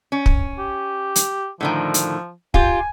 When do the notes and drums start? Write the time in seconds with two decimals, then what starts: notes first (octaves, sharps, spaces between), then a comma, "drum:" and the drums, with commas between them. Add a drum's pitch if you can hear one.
0.12 C#4
0.26 drum: kick
0.58 G4
1.16 drum: hi-hat
1.61 A2 D3 D#3 F3
1.94 drum: hi-hat
2.54 F4 G4 G#5, drum: kick